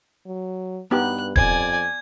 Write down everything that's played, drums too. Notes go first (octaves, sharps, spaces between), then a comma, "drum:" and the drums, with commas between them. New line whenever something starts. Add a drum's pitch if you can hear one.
F#3
G2 B3 D#4 G4 F#6
F2 D5 G#5 G#6, drum: kick D#1